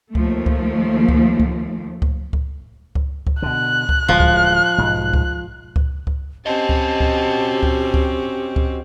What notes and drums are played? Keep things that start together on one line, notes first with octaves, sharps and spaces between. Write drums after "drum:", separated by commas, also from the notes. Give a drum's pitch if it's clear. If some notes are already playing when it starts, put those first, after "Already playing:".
D#2 F3 A3, drum: kick C#2
drum: kick C#2
drum: kick C#2
drum: kick C#2
drum: kick C#2
drum: kick C#2
drum: kick C#2
drum: kick C#2
B2 D3 F#6
drum: kick C#2
D1 F3 G#3
drum: kick C#2
B1 G#2
drum: kick C#2
drum: kick C#2
drum: kick C#2
C4 C#4 F#4 G4 D#5 A5
drum: kick C#2
drum: kick C#2
drum: kick C#2
drum: kick C#2
drum: kick C#2